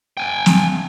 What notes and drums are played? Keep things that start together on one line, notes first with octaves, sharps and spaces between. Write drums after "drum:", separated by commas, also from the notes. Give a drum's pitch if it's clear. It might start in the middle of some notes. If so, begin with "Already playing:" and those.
G5 G#5
drum: snare